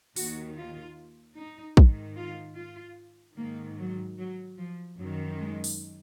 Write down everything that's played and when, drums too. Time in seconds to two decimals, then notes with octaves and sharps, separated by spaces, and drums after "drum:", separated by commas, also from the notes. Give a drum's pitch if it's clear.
0.16 D#2 D#3 F#4, drum: open hi-hat
0.57 F4
1.37 D#4
1.77 G#2 D#3, drum: kick
2.17 F4
2.58 F4
3.38 G#2 D#3 A#3
3.78 F#3
4.17 F#3
4.58 F3
4.98 F#2 D#3 F#3
5.39 G#3
5.64 drum: open hi-hat